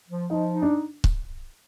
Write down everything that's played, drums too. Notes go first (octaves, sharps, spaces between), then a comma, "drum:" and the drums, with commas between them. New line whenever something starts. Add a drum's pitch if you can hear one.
F3
F3 D#4
D#4
D4
drum: kick C#1